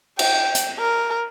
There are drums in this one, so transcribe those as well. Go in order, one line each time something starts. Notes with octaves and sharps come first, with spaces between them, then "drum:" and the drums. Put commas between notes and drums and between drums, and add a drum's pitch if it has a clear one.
G5, drum: cymbal
drum: hi-hat
A#4